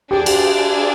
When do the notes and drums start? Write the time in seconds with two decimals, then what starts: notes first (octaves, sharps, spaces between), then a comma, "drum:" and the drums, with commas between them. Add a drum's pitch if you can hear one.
0.11 D4 G4 G#4 D5
0.26 drum: cymbal